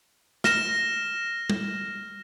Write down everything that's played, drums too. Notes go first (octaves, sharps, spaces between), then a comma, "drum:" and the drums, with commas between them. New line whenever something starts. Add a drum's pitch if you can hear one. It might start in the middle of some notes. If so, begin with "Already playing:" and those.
F6 A#6 E7, drum: snare
drum: tom